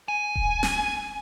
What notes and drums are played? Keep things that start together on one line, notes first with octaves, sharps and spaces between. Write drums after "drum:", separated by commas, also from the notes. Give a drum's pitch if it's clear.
G#5
drum: kick D#1
drum: snare